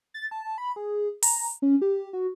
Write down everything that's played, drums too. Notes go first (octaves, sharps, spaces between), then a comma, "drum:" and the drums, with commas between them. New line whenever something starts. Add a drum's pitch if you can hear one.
A6
A5
B5
G#4
A#5, drum: open hi-hat
C#4
G4
F#4